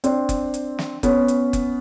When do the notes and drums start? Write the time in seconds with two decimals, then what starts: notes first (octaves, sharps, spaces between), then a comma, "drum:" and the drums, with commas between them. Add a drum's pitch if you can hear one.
0.04 C4 D4, drum: hi-hat
0.29 drum: kick F#1, hi-hat
0.54 drum: hi-hat
0.79 drum: snare
1.03 B3 C#4, drum: kick F#1, hi-hat
1.28 drum: hi-hat
1.53 drum: kick F#1, hi-hat